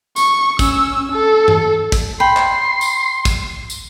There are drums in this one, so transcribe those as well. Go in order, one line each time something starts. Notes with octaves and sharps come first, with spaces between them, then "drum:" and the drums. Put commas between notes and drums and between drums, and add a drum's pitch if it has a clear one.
C#6, drum: tambourine
C#4 E6, drum: kick, tambourine
A4
drum: tom G2
drum: kick, tambourine
G5 B5 C6
drum: clap
drum: tambourine
drum: kick, tambourine
drum: tambourine